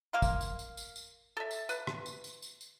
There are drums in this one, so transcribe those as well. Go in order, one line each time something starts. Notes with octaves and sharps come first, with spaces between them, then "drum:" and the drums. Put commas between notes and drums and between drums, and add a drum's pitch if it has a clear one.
A#3 F5 C6
drum: kick, tambourine
drum: tambourine
drum: tambourine
drum: tambourine
drum: tambourine
A4 E5
drum: tambourine
B4, drum: tambourine
drum: rim click
drum: tambourine
drum: tambourine
drum: tambourine
drum: tambourine